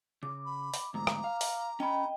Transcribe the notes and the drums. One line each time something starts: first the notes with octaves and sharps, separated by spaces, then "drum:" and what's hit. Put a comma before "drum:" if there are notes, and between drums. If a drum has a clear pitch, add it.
C#3 D6
B5
drum: open hi-hat
D2 G#2 A#5
drum: rim click
F5
drum: open hi-hat
C#4 D#5 G5 B5